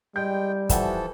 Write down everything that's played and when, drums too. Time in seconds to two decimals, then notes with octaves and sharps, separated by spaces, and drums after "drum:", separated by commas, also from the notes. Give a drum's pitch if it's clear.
0.16 G3 G#3 G5 G6
0.69 E3 F3 A4 E5 F#5 G5, drum: kick, hi-hat